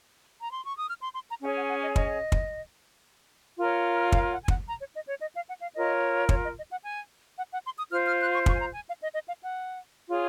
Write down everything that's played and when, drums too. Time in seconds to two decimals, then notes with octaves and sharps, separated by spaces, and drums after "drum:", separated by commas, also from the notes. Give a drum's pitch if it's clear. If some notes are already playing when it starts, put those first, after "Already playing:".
0.40 A#5
0.51 C6
0.64 C#6
0.76 D#6
0.88 F6
1.02 C6
1.14 C6
1.29 A#5
1.42 C#4 G#4 C#5 G#5
1.56 F#5
1.68 F#5
1.82 D#5
1.96 D#5, drum: kick
2.32 drum: kick
3.59 F4 A#4 C#5
4.12 F5, drum: kick
4.31 F#5
4.43 G#5
4.48 F#5, drum: kick
4.66 A#5
4.80 C#5
4.94 D#5
5.08 C#5
5.21 D#5
5.34 F5
5.48 F#5
5.62 F5
5.76 F4 A#4 C#5 D#5
6.29 C#5, drum: kick
6.43 D#5
6.56 D#5
6.70 F#5
6.83 G#5
7.38 F#5
7.52 F#5
7.66 C6
7.78 D#6
7.91 F4 C5 F6
8.06 F6
8.20 F#6
8.33 C#6
8.46 C#6, drum: kick
8.54 G#5
8.59 A#5
8.73 G#5
8.87 F5
9.01 D#5
9.14 D#5
9.27 F5
9.42 F#5
10.09 F4 G#4 C#5